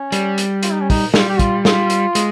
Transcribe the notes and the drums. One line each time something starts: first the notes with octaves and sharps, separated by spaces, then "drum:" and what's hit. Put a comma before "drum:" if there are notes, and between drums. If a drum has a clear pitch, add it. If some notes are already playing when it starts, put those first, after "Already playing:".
Already playing: C#4
G3, drum: hi-hat
drum: hi-hat
F4, drum: hi-hat
D#4
C#4
D#4, drum: kick, open hi-hat
G3 F4, drum: snare
G4
F4, drum: kick, hi-hat
F4, drum: snare
drum: hi-hat
G#3, drum: hi-hat